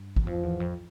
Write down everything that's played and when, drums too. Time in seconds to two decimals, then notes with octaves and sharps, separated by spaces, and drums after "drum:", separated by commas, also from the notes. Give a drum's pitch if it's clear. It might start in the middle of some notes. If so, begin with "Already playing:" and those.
Already playing: G2
0.16 E2, drum: kick
0.27 F2 F3
0.43 E2
0.60 F2